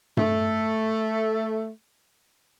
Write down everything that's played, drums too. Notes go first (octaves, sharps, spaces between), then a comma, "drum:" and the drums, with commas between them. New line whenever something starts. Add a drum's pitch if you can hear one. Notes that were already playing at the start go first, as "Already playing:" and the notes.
A3, drum: tom G2